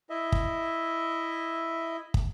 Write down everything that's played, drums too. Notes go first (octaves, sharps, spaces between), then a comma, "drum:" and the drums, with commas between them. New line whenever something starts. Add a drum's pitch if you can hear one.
E4 D#5 E5
drum: kick
drum: kick